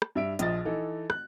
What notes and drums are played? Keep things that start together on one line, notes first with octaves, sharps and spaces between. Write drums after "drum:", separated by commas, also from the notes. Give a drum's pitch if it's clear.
drum: rim click
G2 E5 D7
A#1 F3 D#5 A6, drum: hi-hat
E3 D#4 A4
F#6, drum: rim click